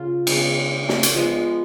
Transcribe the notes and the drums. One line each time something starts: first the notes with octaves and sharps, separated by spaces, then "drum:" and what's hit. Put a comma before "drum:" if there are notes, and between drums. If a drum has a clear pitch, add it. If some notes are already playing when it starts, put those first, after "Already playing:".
Already playing: C#3 F4
C#3 G#3 B3, drum: cymbal
drum: snare
drum: hi-hat
F3 G#3 B3